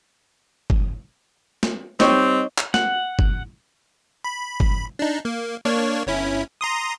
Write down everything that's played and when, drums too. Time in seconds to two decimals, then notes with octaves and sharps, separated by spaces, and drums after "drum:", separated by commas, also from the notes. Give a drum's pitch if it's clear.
0.70 drum: kick
1.63 drum: snare
2.00 G3 C4 D#4 C#5 D#5, drum: snare
2.58 drum: clap
2.74 F#5, drum: snare
3.19 drum: kick
4.24 B5
4.60 drum: kick
4.99 D4 D#4
5.25 A#3
5.65 A#3 D4 C#5
6.07 G1 C#4 E4
6.61 A#5 C6 D#6